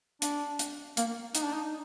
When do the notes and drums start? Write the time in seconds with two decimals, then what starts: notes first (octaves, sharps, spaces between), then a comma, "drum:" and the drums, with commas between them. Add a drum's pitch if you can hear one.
0.22 D4, drum: hi-hat
0.59 drum: hi-hat
0.97 A#3, drum: hi-hat
1.35 D#4, drum: hi-hat
1.44 D4
1.54 D#4